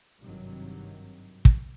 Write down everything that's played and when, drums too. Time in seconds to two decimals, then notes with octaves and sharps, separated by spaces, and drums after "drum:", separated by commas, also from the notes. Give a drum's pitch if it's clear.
0.21 G#1 G2 C3 D#3 F#3
1.45 drum: kick